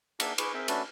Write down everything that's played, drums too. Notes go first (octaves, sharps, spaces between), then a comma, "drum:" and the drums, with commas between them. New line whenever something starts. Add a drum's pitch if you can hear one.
A#3 D4 G#4 E5 F#5 G#5, drum: cymbal
G#4 B4 C#6 D6, drum: cymbal
C4 G#4 A#4 E5 G5
A3 C#4 D4 F#4 A4 B4, drum: cymbal